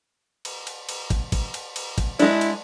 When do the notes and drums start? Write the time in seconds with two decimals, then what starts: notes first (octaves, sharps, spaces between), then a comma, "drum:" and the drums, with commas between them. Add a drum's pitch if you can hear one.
0.45 drum: cymbal
0.67 drum: cymbal
0.89 drum: cymbal
1.10 drum: kick, cymbal
1.32 drum: kick, cymbal
1.54 drum: cymbal
1.76 drum: cymbal
1.98 drum: kick, cymbal
2.19 G#3 D4 E4, drum: cymbal
2.41 drum: cymbal